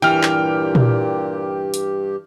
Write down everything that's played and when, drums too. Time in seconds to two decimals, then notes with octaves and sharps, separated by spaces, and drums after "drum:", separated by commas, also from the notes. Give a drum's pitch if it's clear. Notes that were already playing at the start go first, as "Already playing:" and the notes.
0.02 G2 A#2 E3 G4 G5 F6
0.23 drum: clap
0.75 drum: tom A#2
1.74 drum: hi-hat